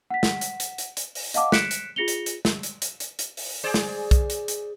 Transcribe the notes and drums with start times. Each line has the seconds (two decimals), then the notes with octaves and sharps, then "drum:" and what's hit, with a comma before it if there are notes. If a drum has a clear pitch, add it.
0.10 F#5 B6
0.23 drum: snare
0.41 drum: hi-hat
0.60 drum: hi-hat
0.78 drum: hi-hat
0.97 drum: hi-hat
1.15 drum: open hi-hat
1.34 D#5 F5 F#5 A5 D6, drum: hi-hat
1.52 F#6 B6 C#7 D7 E7, drum: snare
1.71 drum: hi-hat
1.96 F4 G#4 A#6 C#7 F7 G7
2.08 drum: hi-hat
2.26 drum: hi-hat
2.45 drum: snare
2.63 drum: hi-hat
2.82 drum: hi-hat
3.00 drum: hi-hat
3.19 drum: hi-hat
3.37 drum: open hi-hat
3.64 G#4 C5 D5
3.74 drum: snare
4.11 drum: kick B1, hi-hat
4.30 drum: hi-hat
4.48 drum: hi-hat